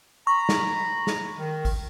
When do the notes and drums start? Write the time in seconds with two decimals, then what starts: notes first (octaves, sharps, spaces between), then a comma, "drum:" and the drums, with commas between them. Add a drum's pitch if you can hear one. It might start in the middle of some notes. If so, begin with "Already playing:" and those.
0.27 A#5 B5 C#6
0.49 drum: snare
1.07 drum: snare
1.36 D#3
1.65 drum: kick, open hi-hat